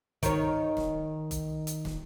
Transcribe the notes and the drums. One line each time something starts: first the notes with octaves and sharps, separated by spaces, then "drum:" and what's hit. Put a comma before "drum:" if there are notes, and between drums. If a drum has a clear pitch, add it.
D#3 C#5, drum: kick F#1, hi-hat
drum: snare
drum: kick F#1, hi-hat
drum: hi-hat
drum: snare